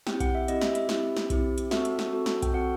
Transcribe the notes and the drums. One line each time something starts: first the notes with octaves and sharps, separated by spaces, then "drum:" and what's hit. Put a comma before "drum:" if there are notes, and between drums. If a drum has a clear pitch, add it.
C4 E4 G4 G5, drum: snare
F#5, drum: kick B1, hi-hat
E5
C4 E4 G4 D#5, drum: hi-hat
E5, drum: snare
E5, drum: hi-hat
C4 E4 G4, drum: snare
drum: snare
C4 E4 G4, drum: kick B1, hi-hat
drum: hi-hat
C4 F#4 A4 E5, drum: snare
drum: hi-hat
drum: snare
C4 F#4 A4
drum: snare
G5, drum: kick B1, hi-hat
C4 F#4 A4 F#5